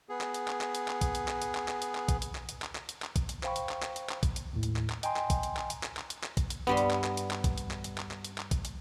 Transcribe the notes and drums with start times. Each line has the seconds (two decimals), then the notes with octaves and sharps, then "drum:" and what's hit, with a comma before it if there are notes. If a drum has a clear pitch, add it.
0.09 B3 G#4
0.21 drum: clap
0.34 drum: hi-hat
0.48 drum: clap
0.61 drum: clap
0.75 drum: hi-hat
0.88 drum: clap
1.01 drum: kick, hi-hat
1.15 drum: hi-hat
1.28 drum: clap
1.42 drum: hi-hat
1.55 drum: clap
1.68 drum: clap
1.82 drum: hi-hat
1.95 drum: clap
2.09 drum: kick, hi-hat
2.22 drum: hi-hat
2.35 drum: clap
2.49 drum: hi-hat
2.62 drum: clap
2.75 drum: clap
2.89 drum: hi-hat
3.02 drum: clap
3.16 drum: kick, hi-hat
3.29 drum: hi-hat
3.43 C5 F5 G5 B5 C#6, drum: clap
3.56 drum: hi-hat
3.69 drum: clap
3.83 drum: clap
3.96 drum: hi-hat
4.09 drum: clap
4.23 drum: kick, hi-hat
4.36 drum: hi-hat
4.53 D#2 A2
4.63 drum: hi-hat
4.76 drum: clap
4.90 drum: clap
5.03 D#5 G5 G#5 A#5 C6, drum: hi-hat
5.17 drum: clap
5.30 drum: kick, hi-hat
5.43 drum: hi-hat
5.57 drum: clap
5.70 drum: hi-hat
5.83 drum: clap
5.97 drum: clap
6.10 drum: hi-hat
6.24 drum: clap
6.37 drum: kick, hi-hat
6.50 drum: hi-hat
6.67 G2 G3 B3 C6
6.77 drum: hi-hat
6.91 drum: clap
7.04 drum: clap
7.17 drum: hi-hat
7.31 drum: clap
7.44 drum: kick, hi-hat
7.58 drum: hi-hat
7.71 drum: clap
7.84 drum: hi-hat
7.98 drum: clap
8.11 drum: clap
8.25 drum: hi-hat
8.38 drum: clap
8.51 drum: kick, hi-hat
8.65 drum: hi-hat